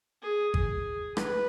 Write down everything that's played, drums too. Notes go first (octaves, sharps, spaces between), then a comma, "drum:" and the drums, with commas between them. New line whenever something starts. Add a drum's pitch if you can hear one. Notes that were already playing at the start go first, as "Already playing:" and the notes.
G#4
G#4, drum: kick G#1
B4, drum: rim click